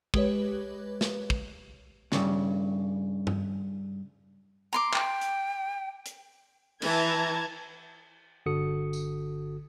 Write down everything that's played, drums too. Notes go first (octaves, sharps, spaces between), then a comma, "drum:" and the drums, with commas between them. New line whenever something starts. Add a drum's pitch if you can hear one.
G#3 G4 B4 C#5, drum: kick
drum: snare
drum: kick
G2 A#2 C#3, drum: snare
drum: tom G2
A#5 C6 D6
G5, drum: clap
drum: hi-hat
drum: hi-hat
E3 A5 A#5 G#6, drum: cymbal
G1 D3 F#4 A4 D#6 C#7
drum: tambourine